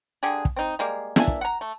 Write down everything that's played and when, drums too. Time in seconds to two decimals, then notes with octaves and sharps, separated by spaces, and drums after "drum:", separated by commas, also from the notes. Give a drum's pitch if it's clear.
0.23 D3 G4 G#4
0.45 drum: kick
0.56 C4 D#4
0.79 G3 G#3 A#3
1.16 A#3 D4 E5 G#5, drum: snare
1.28 drum: kick
1.41 F#5 A#5
1.61 A3